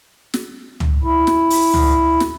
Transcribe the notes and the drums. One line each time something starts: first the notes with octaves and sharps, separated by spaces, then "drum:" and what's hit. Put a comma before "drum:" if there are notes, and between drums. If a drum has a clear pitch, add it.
drum: snare
drum: tom C#2
E4
drum: snare
drum: open hi-hat
drum: tom C#2
drum: snare